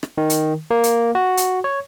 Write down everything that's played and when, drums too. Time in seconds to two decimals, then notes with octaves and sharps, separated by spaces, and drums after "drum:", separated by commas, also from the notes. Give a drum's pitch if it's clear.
0.03 drum: rim click
0.18 D#3
0.30 drum: hi-hat
0.71 A#3
0.83 drum: hi-hat
1.15 F#4
1.37 drum: hi-hat
1.64 C#5